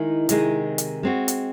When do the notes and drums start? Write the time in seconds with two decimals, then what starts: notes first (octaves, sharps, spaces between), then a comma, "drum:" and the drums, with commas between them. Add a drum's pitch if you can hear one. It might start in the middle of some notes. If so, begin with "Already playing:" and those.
Already playing: D#3 G#3 D#4 E4 G#4
0.29 C3 D#3 G#3 D#4 G#4, drum: hi-hat
0.78 drum: hi-hat
1.03 G#3 C4 F#4
1.28 drum: hi-hat